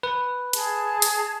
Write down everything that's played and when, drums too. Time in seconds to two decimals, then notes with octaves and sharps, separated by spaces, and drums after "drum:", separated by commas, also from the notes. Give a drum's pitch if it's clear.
0.03 B4
0.53 G#4 A5, drum: hi-hat
1.02 drum: hi-hat